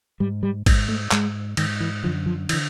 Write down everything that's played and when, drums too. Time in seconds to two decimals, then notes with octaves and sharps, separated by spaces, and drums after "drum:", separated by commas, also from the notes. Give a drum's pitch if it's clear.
0.20 G#2 G3
0.43 G3
0.66 G#2, drum: kick G#1, cymbal
0.88 A3
1.11 G#2 G#3, drum: clap
1.57 G#2 D#3, drum: cymbal
1.80 E3
2.03 F#2 D3 F3
2.26 F3
2.49 E3, drum: cymbal
2.53 D3